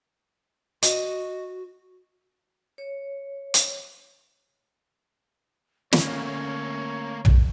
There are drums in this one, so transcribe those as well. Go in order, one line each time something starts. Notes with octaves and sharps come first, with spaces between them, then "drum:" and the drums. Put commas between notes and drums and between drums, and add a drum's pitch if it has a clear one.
F#4 D#5, drum: hi-hat
C#5
drum: hi-hat
D3 A3 A#3 C#4 C#5, drum: snare
drum: tom